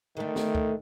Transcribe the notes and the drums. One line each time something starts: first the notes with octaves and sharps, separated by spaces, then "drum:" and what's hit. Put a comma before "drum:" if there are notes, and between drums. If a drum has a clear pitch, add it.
D3 D#3 A3
drum: snare
drum: kick